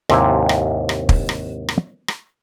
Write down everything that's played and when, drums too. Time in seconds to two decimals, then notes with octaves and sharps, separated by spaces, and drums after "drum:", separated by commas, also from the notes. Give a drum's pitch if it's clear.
0.09 D#2 G#2 C3 E4 C5 E5, drum: rim click
0.49 drum: rim click
0.89 drum: rim click
1.09 drum: kick
1.29 drum: rim click
1.69 drum: rim click
2.08 drum: rim click